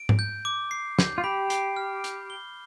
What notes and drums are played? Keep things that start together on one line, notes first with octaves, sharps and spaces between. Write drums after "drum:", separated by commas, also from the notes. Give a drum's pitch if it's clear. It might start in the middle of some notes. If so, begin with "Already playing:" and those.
Already playing: D7
drum: tom G#2
G6
D6
C7
G6, drum: snare
F4
G4 B5
C7, drum: hi-hat
F6
G6, drum: hi-hat
G7